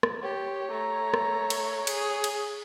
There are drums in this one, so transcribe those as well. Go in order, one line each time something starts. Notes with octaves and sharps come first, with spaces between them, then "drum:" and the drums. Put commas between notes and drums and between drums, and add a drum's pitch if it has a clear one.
drum: rim click
G4 C#5
A3 A#5
drum: rim click
drum: cymbal
G#4, drum: cymbal
drum: cymbal